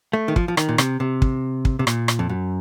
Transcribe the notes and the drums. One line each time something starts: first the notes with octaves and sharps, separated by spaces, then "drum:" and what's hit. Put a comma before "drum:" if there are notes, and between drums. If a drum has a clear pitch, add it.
A3
D#3
F3, drum: kick
F3
D#3, drum: rim click
A#2
C3, drum: rim click
C3
drum: kick
drum: kick
C3
A#2, drum: rim click
drum: rim click
F2
F#2